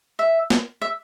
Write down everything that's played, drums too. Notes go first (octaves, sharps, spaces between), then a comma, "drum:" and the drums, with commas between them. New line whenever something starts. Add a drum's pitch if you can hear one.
E5
drum: snare
E5